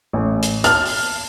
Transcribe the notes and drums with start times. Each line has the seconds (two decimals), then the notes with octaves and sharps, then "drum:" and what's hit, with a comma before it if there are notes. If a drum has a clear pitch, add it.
0.13 A1
0.43 drum: hi-hat
0.64 A5 F6, drum: hi-hat
0.86 drum: open hi-hat